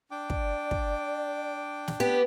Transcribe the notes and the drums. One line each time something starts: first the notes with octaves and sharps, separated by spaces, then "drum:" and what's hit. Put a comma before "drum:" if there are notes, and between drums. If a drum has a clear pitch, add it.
D4 G5 D6
D5, drum: kick
drum: kick
drum: snare
B3 G4